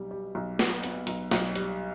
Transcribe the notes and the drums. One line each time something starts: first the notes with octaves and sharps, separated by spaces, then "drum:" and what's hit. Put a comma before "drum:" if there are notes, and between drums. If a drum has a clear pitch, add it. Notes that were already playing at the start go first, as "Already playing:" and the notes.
Already playing: B1 B2 G3
G3
B1
B3, drum: snare
B3, drum: hi-hat
B1, drum: hi-hat
B1, drum: snare
G3, drum: hi-hat